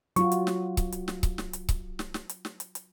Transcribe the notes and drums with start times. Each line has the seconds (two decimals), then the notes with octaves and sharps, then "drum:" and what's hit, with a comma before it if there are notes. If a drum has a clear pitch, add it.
0.16 F#3 F4 F#4 C#6, drum: hi-hat
0.32 drum: hi-hat
0.47 drum: snare
0.77 drum: kick C#1, hi-hat
0.92 drum: hi-hat
1.08 drum: snare
1.23 drum: kick C#1, hi-hat
1.38 drum: snare
1.53 drum: hi-hat
1.69 drum: kick C#1, hi-hat
1.99 drum: snare
2.14 drum: snare
2.29 drum: hi-hat
2.45 drum: snare
2.60 drum: hi-hat
2.75 drum: hi-hat